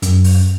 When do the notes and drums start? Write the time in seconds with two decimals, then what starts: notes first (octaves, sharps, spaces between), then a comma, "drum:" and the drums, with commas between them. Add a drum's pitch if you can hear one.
0.02 F#2, drum: hi-hat
0.24 drum: open hi-hat